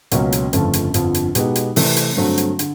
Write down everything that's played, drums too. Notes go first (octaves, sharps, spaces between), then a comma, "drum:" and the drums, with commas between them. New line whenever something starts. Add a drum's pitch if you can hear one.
C#2 B2 F#3 A#3 C#4, drum: hi-hat
drum: hi-hat
G1 F2 C#3 F3 A3, drum: hi-hat
drum: hi-hat
G1 F2 D3 F3, drum: hi-hat
drum: hi-hat
B2 G#3 B3 D#4 G4, drum: hi-hat
drum: hi-hat
C3 E3 A3 C4, drum: open hi-hat
drum: hi-hat
G2 D3 F#3 A3 C4
drum: hi-hat
D3, drum: hi-hat